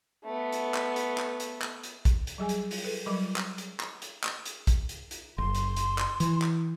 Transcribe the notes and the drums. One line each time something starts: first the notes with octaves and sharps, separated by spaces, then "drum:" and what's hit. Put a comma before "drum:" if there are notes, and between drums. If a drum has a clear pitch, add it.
A3 B3
drum: hi-hat
drum: clap
drum: hi-hat
drum: clap
drum: hi-hat
drum: clap
drum: hi-hat
drum: kick, hi-hat
drum: hi-hat
F#3 G3 G#4 G#5
drum: hi-hat
drum: open hi-hat
A4 B4
F#3 G3 A#4 B5 D6
drum: clap
drum: hi-hat
drum: clap
drum: hi-hat
drum: clap
drum: hi-hat
drum: kick, hi-hat
drum: hi-hat
drum: hi-hat
F#1 C6
drum: hi-hat
drum: hi-hat
drum: clap
E3, drum: hi-hat
drum: clap